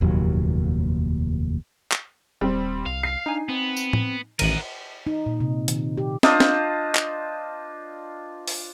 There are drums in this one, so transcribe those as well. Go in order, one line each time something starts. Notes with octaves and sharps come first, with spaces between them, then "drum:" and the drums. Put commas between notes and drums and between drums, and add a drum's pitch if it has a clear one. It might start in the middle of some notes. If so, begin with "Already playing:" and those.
F1 D#2 A#2 F#3
drum: clap
D#1 G3 C4
C2 F5
C7
D4 D#4 G#5
B3 C4
drum: tambourine
drum: tom A2
A1 D#3 A#4 F#5 D#7, drum: cymbal
D#4
A#2
C3
D#3, drum: hi-hat
G4
D4 F4 C5 D#5, drum: snare
drum: snare
drum: clap
drum: open hi-hat